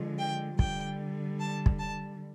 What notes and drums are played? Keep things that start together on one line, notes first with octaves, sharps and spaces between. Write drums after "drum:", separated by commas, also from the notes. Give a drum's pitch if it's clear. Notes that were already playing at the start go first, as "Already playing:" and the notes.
Already playing: D3 F3 G#3
G5
D3 G3 G5, drum: kick
A5
drum: kick
A5